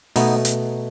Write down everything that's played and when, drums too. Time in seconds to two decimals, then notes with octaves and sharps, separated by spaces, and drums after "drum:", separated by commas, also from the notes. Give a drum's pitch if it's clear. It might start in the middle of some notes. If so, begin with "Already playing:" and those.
0.16 B2 A3 B3 D#4, drum: open hi-hat
0.45 drum: hi-hat